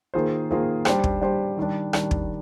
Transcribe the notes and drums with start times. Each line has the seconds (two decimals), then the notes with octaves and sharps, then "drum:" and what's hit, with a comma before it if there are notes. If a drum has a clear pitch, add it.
0.14 D#3 A#3 F4 G#4 C5
0.51 D#3 A#3 F4 G#4 C5
0.85 G3 D4 G4 C5, drum: rim click
1.04 drum: kick
1.21 G3 D4 G4 C5
1.57 D#3 G3 D4
1.93 D#3 G3 D4, drum: rim click
2.11 drum: kick